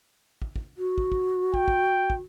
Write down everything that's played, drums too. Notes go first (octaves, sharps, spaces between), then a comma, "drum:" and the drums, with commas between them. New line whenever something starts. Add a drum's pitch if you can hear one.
drum: kick
drum: kick
F#4
drum: kick
drum: kick
G5, drum: kick
drum: kick
drum: kick